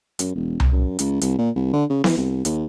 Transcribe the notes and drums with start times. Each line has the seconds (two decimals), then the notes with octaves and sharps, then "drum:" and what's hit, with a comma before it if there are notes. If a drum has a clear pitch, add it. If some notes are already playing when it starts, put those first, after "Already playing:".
0.19 F#2, drum: hi-hat
0.35 E1
0.60 drum: tom C2
0.72 F#2
0.99 C#2, drum: hi-hat
1.21 C2, drum: hi-hat
1.38 A#2
1.56 C2
1.73 D3
1.89 C#3
2.04 E3, drum: snare B3
2.17 C2
2.45 D#2, drum: hi-hat